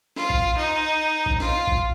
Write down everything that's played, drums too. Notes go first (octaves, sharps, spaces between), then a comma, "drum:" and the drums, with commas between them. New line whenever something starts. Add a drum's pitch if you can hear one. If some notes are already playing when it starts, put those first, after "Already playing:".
F4, drum: snare
drum: kick
D#4
drum: kick
F4, drum: snare
drum: kick